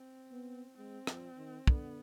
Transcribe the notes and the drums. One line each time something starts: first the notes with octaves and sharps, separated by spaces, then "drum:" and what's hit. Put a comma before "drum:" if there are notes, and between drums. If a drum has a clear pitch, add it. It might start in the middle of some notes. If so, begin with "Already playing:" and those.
Already playing: C4
B3
G#3 C4
F3, drum: rim click
D#3
D3 B3, drum: kick